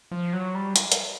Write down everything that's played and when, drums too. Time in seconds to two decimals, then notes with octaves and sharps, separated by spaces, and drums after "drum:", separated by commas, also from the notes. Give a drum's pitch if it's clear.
0.12 F3
0.33 F#3
0.55 G3
0.76 drum: hi-hat
0.92 drum: hi-hat